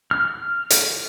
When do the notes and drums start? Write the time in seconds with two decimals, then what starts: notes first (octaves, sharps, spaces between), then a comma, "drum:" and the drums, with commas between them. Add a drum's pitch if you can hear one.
0.11 F6
0.70 drum: hi-hat